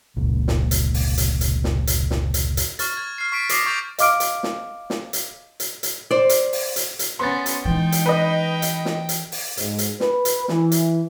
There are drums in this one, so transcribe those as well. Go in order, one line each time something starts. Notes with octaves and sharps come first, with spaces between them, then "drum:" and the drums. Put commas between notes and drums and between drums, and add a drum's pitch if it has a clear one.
F1 C#2 A#2
drum: snare
drum: hi-hat
drum: open hi-hat
drum: hi-hat
drum: hi-hat
drum: snare
drum: hi-hat
drum: snare
drum: hi-hat
drum: hi-hat
C#6 F6 A6, drum: hi-hat
G#6
F6 C7
C#6 B6 D7
D6 D#6 A#6 C7, drum: hi-hat
C#6 G6 A6 F7
D#5 F5 D6 F6 D7, drum: hi-hat
drum: hi-hat
drum: snare
drum: snare
drum: hi-hat
drum: hi-hat
drum: hi-hat
C5 D5
drum: hi-hat
drum: open hi-hat
drum: hi-hat
drum: hi-hat
B3 C#4 C6 A6
drum: hi-hat
E3 G#3 D#4 G5
drum: hi-hat
B4 D#5
drum: hi-hat
drum: snare
drum: hi-hat
drum: open hi-hat
G#2, drum: hi-hat
drum: hi-hat
B4, drum: snare
drum: hi-hat
E3, drum: snare
drum: hi-hat